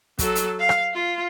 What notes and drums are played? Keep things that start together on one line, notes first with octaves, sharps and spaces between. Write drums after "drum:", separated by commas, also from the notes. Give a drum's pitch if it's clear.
F#3 A4, drum: kick, hi-hat
drum: hi-hat
F5
drum: rim click
F4